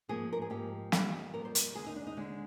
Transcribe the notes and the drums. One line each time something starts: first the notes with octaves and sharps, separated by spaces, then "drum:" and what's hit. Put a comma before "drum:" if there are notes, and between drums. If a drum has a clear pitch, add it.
G#2 F3 A#3 G#4
A#4
G#4
G#2 F3 A#3 G4
F2 D#3 G3 A#3, drum: snare
F2 D#3 G3 A#3 A#4
C5
A#4, drum: hi-hat
D#2 D3 G#3 C4 G#4
D#4
D4
D#4
D#2 D3 G#3 C4